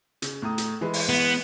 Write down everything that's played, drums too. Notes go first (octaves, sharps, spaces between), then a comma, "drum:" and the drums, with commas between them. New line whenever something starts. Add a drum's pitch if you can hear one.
C#3, drum: hi-hat
A2 A#5 D#6
drum: hi-hat
E3 G#3 B4
drum: open hi-hat
B3